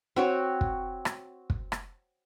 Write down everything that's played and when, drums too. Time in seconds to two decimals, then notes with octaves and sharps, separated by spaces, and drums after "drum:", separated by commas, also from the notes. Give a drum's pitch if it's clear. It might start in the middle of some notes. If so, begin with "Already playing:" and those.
0.16 C4 F#4 C#5
0.61 drum: kick
1.05 drum: rim click
1.50 drum: kick
1.72 drum: rim click